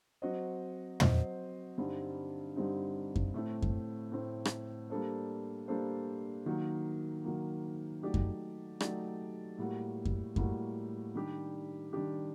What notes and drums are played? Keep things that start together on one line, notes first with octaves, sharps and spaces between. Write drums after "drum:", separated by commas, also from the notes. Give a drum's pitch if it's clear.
F#3 C4 F#4 C5 D#5
F#3 C4 F#4 C5 D#5, drum: tom
G2 D3 G3 C4 D#4
G2 D3 G3 C4 D#4
drum: kick F#2
A2 A3 C4
drum: kick F#2
A2 A3 C4
drum: rim click
G3 A#3 D4 A4 C5
G3 A#3 D4 A4 C5
D#3 F#3 A#3
D#3 F#3 A#3
F#3 A3 D#4 G4 D5
drum: kick F#2
F#3 A3 D#4 G4 D5, drum: rim click
A2 G3 A#3 F#4
drum: kick F#2
A2 G3 A#3 F#4, drum: kick F#2
D#3 G3 D4 G4
D#3 G3 D4 G4